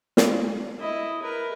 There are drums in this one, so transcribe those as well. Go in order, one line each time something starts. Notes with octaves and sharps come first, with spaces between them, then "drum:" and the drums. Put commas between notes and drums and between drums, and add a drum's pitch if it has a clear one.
drum: snare
E4 D#5
A#4 B4